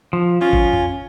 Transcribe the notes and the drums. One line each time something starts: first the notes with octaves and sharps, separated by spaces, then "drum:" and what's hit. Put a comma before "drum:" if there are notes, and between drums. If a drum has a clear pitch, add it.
F3
C#4 F4
drum: kick
drum: tom F2